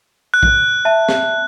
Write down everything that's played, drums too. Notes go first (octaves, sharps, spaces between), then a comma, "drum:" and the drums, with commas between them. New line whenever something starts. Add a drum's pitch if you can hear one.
F#6
drum: kick A#1
E5 A5
drum: snare